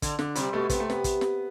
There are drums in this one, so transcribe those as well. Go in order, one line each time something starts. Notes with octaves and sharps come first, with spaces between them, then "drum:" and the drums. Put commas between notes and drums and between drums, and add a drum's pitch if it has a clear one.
D3, drum: kick, hi-hat
D3, drum: snare
C3 G3, drum: hi-hat
B2 A3
C3 B3, drum: kick, hi-hat
A3
B3, drum: snare
drum: kick, hi-hat
drum: snare